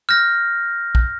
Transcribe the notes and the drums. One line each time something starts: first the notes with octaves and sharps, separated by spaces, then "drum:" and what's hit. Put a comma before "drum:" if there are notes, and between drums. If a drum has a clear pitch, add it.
F6 G6 A#6
drum: kick